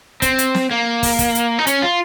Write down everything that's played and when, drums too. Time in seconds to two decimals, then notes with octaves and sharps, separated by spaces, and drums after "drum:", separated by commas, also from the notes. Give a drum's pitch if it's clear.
0.22 C4, drum: kick, hi-hat
0.38 drum: hi-hat
0.55 drum: snare
0.71 A#3
1.03 drum: kick, open hi-hat
1.19 drum: kick, hi-hat
1.35 drum: hi-hat
1.59 D#4
1.67 C#4, drum: hi-hat
1.82 F4